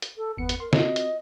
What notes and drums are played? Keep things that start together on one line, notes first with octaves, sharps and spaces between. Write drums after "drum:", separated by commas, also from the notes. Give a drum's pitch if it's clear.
drum: hi-hat
A4
G1 E2 B3 C#7
drum: hi-hat
A#4 C6
C4 F4 F#4 D#5, drum: snare
drum: hi-hat